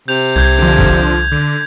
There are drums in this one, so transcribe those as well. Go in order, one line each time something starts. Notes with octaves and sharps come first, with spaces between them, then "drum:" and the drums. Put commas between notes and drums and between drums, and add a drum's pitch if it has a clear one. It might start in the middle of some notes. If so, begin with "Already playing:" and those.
C3 G6 F7
C2 G6 G#6
D3 F3
drum: kick
D3